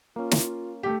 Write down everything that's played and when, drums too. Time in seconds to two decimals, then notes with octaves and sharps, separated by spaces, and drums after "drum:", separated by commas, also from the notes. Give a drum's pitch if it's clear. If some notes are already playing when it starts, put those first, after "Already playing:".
0.16 A#3 C#4 F4
0.31 drum: snare
0.83 A3 G4